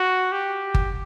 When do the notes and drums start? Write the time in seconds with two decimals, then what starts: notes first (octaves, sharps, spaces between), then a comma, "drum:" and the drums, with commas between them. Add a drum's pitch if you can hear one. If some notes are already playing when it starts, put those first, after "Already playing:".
Already playing: F#4
0.32 G4
0.74 drum: kick G1